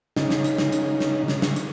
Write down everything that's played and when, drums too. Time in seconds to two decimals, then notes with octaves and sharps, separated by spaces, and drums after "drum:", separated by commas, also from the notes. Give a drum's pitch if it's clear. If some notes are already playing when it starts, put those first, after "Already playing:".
0.16 C#3 D#4, drum: snare
0.30 drum: snare
0.44 drum: hi-hat
0.58 drum: snare
0.72 drum: hi-hat
1.00 drum: snare
1.28 drum: snare
1.42 drum: snare
1.56 drum: hi-hat